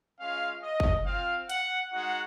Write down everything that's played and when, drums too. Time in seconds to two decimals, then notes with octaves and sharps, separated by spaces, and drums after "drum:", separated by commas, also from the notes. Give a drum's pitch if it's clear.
0.19 G#3 C#4 F4 F5
0.63 D#5
0.80 drum: kick
1.06 C4 F4 F5
1.50 F#5, drum: hi-hat
1.92 G#3 D#4 F#4 F#5